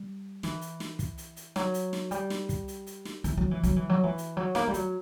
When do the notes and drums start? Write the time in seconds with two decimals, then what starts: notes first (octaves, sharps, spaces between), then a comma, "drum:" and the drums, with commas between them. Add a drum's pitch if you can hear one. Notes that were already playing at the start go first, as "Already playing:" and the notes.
Already playing: G3
0.43 E3, drum: snare
0.61 drum: hi-hat
0.80 drum: snare
0.99 drum: kick, hi-hat
1.18 drum: hi-hat
1.36 drum: hi-hat
1.56 F#3, drum: snare
1.74 drum: hi-hat
1.93 drum: snare
2.11 G3, drum: hi-hat
2.30 drum: snare
2.49 drum: kick, hi-hat
2.68 drum: hi-hat
2.87 drum: hi-hat
3.05 drum: snare
3.24 E3, drum: hi-hat
3.37 F#3
3.51 E3
3.63 F#3, drum: hi-hat
3.76 E3
3.89 F#3
4.03 E3
4.18 drum: hi-hat
4.37 F#3
4.55 A#3, drum: snare
4.67 G3
4.74 F#3, drum: hi-hat